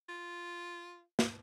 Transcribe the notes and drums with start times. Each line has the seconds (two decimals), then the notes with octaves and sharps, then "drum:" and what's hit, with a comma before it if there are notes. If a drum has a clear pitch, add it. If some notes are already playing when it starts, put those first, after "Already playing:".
0.09 F4
1.19 drum: snare